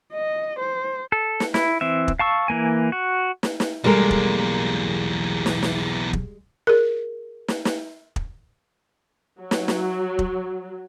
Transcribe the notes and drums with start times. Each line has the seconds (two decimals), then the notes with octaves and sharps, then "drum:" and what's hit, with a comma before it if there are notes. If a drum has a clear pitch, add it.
0.13 D#5
0.59 C5
1.12 A4
1.40 drum: snare
1.54 E4, drum: snare
1.81 E3 C4 E5
2.08 drum: kick
2.19 F5 A5 C#6 E6
2.48 E3 A#3 G#5
2.92 F#4
3.43 drum: snare
3.60 drum: snare
3.84 B1 E2 G3 G#3 A#3 A4 A#4
4.11 drum: kick
5.46 drum: snare
5.63 drum: snare
6.13 drum: kick
6.67 G#4 A#4
7.48 drum: snare
7.65 drum: snare
8.16 drum: kick
9.42 F#3
9.51 drum: snare
9.68 drum: snare
10.19 drum: kick